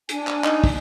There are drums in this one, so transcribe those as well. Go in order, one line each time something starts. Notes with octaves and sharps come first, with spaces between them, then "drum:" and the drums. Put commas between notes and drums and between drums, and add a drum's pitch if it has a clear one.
D4 G#5, drum: hi-hat
drum: clap
D#4, drum: clap
drum: kick, open hi-hat